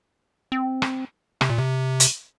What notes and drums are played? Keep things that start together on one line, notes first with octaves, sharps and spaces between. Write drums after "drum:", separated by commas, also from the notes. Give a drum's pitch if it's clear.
C4
drum: rim click
C3, drum: rim click
A#2
C3
drum: hi-hat